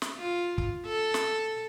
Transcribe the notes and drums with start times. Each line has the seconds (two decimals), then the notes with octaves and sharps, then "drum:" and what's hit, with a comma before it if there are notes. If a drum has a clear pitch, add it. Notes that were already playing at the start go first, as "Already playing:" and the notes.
0.02 drum: snare
0.18 F4
0.58 drum: kick
0.86 A4
1.14 drum: snare